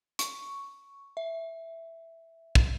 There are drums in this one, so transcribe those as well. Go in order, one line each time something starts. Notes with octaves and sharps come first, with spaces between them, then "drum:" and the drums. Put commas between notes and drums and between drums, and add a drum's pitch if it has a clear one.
C#6, drum: hi-hat
E5
drum: kick